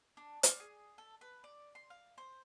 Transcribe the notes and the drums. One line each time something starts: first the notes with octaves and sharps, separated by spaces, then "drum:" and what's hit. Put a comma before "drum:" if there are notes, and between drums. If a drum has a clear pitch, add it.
D4
D5, drum: hi-hat
G#4
A4
B4
D5
C6
F5
C5